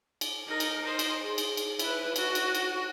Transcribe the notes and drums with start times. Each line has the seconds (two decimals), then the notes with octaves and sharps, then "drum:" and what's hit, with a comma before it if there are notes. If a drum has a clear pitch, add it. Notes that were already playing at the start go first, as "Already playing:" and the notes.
0.21 drum: cymbal
0.48 D#4 A#4
0.60 drum: cymbal
0.83 D#4 C5
0.99 drum: cymbal
1.22 G#4
1.38 drum: cymbal
1.57 drum: cymbal
1.79 E4 B4, drum: cymbal
2.16 F#4, drum: cymbal
2.35 drum: cymbal
2.55 drum: cymbal